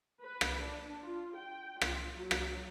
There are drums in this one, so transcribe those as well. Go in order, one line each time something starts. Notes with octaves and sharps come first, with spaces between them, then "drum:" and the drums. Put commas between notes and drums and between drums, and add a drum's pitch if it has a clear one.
B4
drum: rim click
D4
F4
G5
F4, drum: rim click
F#3
drum: rim click